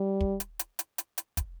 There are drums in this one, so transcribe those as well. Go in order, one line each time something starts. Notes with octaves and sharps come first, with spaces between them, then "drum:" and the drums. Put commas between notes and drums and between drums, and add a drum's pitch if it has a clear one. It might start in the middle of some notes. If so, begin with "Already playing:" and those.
Already playing: G3
drum: kick
drum: hi-hat
drum: hi-hat
drum: hi-hat
drum: hi-hat
drum: hi-hat
drum: kick, hi-hat